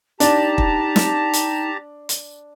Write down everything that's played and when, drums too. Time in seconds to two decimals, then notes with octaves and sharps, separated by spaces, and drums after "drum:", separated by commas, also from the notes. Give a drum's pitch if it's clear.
0.20 D4 D#4 G4 A5 A#5, drum: hi-hat
0.58 drum: kick
0.96 drum: snare
1.33 drum: hi-hat
2.09 drum: hi-hat